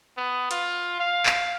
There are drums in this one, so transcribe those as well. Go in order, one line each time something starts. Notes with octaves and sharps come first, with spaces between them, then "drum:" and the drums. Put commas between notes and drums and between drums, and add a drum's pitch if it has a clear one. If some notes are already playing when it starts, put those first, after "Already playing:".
B3
F4, drum: hi-hat
F5
drum: clap